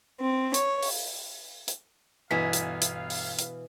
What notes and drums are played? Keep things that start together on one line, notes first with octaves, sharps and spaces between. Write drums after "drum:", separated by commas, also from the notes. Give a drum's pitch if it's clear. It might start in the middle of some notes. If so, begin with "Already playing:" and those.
C4
C#5, drum: hi-hat
drum: open hi-hat
drum: hi-hat
G1 B2 E3 B4 F5 G#5 B6
drum: hi-hat
drum: hi-hat
drum: open hi-hat
drum: hi-hat